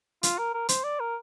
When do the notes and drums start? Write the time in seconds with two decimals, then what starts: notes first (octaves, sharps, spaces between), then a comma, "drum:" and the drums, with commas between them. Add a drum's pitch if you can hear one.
0.23 F4, drum: hi-hat
0.38 A#4
0.54 A#4
0.69 C5, drum: hi-hat
0.84 D5
1.00 A#4